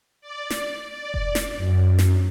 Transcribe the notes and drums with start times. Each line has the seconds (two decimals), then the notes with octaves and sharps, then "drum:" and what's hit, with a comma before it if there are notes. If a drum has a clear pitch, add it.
0.21 D5
0.50 drum: snare
0.90 D5
1.14 drum: kick F1
1.35 drum: snare
1.56 F#2
1.98 drum: snare